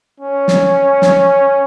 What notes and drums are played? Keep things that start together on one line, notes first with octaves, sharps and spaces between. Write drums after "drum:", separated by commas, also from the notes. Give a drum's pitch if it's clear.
C#4
drum: snare
drum: snare